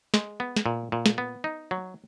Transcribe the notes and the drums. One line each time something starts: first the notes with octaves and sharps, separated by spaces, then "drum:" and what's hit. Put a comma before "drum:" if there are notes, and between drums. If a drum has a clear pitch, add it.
G#3, drum: snare
B3
drum: snare
A#2
A#2
drum: snare
B3
D#4
F#3